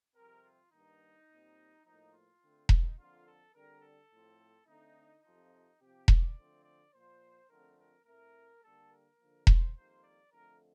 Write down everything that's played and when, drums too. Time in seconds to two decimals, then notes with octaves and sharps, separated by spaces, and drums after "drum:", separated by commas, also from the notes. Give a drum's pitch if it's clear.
0.15 F2 C3 G3 C4 A#4
0.44 F4
0.72 G2 D#3 A#3 D#4
1.28 A#2 G3 C4
1.84 A2 F3 A#3 D#4
2.13 F4
2.42 D3 A3 C4
2.69 D#4, drum: kick E1
2.98 F2 D3 F3 A#3 F4
3.27 A4
3.54 D3 G3 C4 A#4
3.82 A4
4.11 A2 F3 C4
4.67 D3 A3 C4 D#4
5.23 F2 C3 F3 D#4
5.80 C3 F3 C4 G4
6.08 D5, drum: kick E1
6.36 D3 F3 A3 C4
6.64 D5
6.93 A#2 F3 A#3 C5
7.49 F2 D3 F3 A3 C4 A#4
7.78 A#4
8.05 A2 A3 C4 A#4
8.62 D3 G3 A#3 A4
8.91 A#4
9.18 D3 F3 A#3
9.47 C5, drum: kick E1
9.75 F2 D#3 G3 A#3 C5
10.03 D5
10.32 F2 D3 A3 A#4